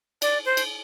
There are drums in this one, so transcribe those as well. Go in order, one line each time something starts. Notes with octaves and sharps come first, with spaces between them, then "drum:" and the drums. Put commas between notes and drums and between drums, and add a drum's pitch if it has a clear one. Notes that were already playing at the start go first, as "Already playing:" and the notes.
D5, drum: cymbal
C5
drum: cymbal